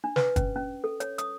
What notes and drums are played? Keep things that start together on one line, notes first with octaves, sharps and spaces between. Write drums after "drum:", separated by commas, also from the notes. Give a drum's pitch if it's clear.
D4
B4, drum: snare
C#4, drum: kick, hi-hat
C#4
A4
C#5, drum: hi-hat
D#6, drum: hi-hat